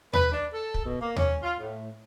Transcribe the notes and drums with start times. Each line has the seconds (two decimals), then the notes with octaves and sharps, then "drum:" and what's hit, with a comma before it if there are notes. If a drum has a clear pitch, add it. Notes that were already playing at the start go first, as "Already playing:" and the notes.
0.13 B4, drum: tom D#2
0.32 D4
0.52 A4
0.74 drum: kick
0.85 B2
1.00 A#3
1.16 C#4, drum: tom D#2
1.43 F4
1.58 A2